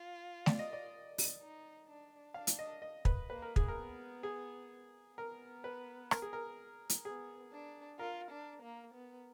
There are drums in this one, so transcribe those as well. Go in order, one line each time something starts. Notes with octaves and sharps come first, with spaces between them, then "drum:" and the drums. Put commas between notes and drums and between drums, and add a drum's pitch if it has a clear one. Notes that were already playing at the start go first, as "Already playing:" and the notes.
Already playing: F4
D5, drum: snare A3
D#5
D5
drum: open hi-hat
D#4
D4
D4 F5
drum: hi-hat
D#5
D#5
B4, drum: kick
A#3 B4
A#4
G#4, drum: kick
A#4
B3
G#4
B3 A#4
B4
A#4, drum: rim click
G#4
A#4
drum: hi-hat
B3 G#4
D4
F4 A#4
D4
A#3
B3